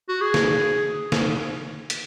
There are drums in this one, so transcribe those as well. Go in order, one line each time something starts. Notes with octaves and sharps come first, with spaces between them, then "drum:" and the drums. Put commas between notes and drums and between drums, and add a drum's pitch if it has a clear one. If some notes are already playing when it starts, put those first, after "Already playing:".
F#4
G#4
drum: snare
drum: snare
drum: hi-hat